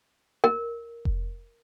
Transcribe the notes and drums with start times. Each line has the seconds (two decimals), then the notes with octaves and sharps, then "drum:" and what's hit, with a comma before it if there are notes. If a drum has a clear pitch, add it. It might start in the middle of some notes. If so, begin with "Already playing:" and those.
0.44 A#4
1.05 drum: kick F1